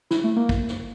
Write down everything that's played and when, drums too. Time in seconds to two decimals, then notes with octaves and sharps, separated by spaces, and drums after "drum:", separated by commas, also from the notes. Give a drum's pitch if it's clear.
0.11 E4, drum: snare
0.24 A3
0.36 A#3
0.49 drum: kick
0.68 drum: snare